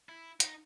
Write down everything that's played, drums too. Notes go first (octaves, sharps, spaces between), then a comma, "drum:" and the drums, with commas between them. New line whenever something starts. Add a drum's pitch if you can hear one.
E4
D#4, drum: hi-hat